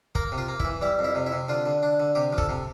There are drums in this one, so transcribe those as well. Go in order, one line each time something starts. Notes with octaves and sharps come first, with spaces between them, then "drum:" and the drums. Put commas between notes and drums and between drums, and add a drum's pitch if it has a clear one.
A#3 A#4, drum: kick
C3
F4
A#3
E4, drum: kick
E3
G3 E4
F2
E4
C3
E4
C3
D3 F4
D3
D4
D3
C3 G4
F3
A4, drum: kick
C3